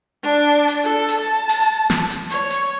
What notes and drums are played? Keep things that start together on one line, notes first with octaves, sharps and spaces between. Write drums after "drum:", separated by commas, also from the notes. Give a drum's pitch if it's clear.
D4
drum: hi-hat
A4
drum: hi-hat
A5
drum: open hi-hat
drum: snare
drum: hi-hat
C#5, drum: hi-hat
drum: hi-hat